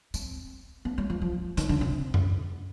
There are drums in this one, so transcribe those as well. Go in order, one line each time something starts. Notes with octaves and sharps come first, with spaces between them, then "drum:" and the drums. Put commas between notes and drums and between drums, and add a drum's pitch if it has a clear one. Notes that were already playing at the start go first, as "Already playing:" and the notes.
C4, drum: tambourine
B3
G3
F3
F3
D#3, drum: hi-hat
D3
C3
drum: tom F#2